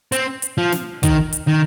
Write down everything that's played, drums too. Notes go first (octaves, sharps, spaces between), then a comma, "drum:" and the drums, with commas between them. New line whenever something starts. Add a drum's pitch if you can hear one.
C4, drum: hi-hat
drum: hi-hat
F3
drum: snare
D#3, drum: kick, hi-hat
drum: hi-hat
D#3